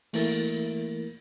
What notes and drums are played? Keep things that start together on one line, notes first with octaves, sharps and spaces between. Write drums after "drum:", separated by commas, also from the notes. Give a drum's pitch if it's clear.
E3 A3 A#3 E4 A#4 A6, drum: open hi-hat